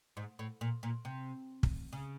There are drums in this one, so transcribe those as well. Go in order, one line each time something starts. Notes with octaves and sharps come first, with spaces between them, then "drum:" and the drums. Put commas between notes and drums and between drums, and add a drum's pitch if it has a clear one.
G#2
A2
A#2
A#2
C3
drum: kick
C#3